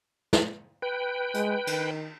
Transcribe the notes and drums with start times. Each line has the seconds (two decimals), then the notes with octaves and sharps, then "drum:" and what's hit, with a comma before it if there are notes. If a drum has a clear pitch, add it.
0.33 drum: snare
0.82 B4 G5
1.34 G#3, drum: hi-hat
1.67 D#3, drum: cymbal